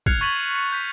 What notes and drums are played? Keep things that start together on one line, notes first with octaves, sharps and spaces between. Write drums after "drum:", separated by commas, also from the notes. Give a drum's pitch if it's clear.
F6 F#6 G#6 C7 C#7 F7, drum: kick
C#6 G#6 A6 B6 D#7 F#7
C#7
G6 B6